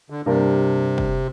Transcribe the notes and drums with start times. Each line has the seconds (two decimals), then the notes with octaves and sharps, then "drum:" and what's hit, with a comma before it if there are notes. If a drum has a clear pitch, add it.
0.10 D3
0.26 G2 C3 G3 A#3 D4 A#4
0.98 drum: kick